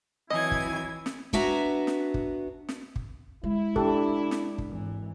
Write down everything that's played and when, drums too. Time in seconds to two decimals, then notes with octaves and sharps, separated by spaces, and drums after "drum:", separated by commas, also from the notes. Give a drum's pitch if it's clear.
0.30 E3 F#3 C4 E4 D#5 G#5 G#6
0.52 drum: kick
1.06 drum: snare
1.33 B3 D4 F#4 E5 G#5 A#5, drum: kick
1.87 drum: snare
2.14 drum: kick
2.69 drum: snare
2.96 drum: kick
3.43 G#3 E4
3.76 D4 G4 A4, drum: kick
4.31 drum: snare
4.58 drum: kick
4.69 G#1 E3